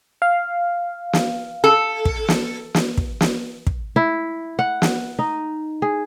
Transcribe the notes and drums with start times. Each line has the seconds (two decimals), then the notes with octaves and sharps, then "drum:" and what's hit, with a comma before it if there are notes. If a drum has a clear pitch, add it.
0.22 F5
1.13 drum: snare
1.64 A4
2.05 drum: kick
2.28 drum: snare
2.75 drum: snare
2.98 drum: kick
3.21 drum: snare
3.67 drum: kick
3.96 E4
4.59 F#5
4.82 drum: snare
5.19 D#4
5.82 G#4